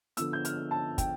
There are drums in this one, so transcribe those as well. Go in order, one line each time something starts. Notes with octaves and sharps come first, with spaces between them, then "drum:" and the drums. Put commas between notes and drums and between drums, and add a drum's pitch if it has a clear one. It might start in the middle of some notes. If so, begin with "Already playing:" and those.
D3 F3 B3 E6, drum: hi-hat
G6
F6, drum: hi-hat
A5
G5, drum: kick, hi-hat